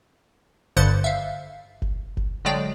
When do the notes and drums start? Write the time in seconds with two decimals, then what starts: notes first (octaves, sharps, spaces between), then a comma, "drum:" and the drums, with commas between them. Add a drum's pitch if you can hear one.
0.76 G2 D3 C5 F#6 A6 C#7, drum: kick F#1
1.04 E5 F5
1.82 drum: kick F#1
2.17 drum: kick F#1
2.45 D3 F#3 G#3 D5 G5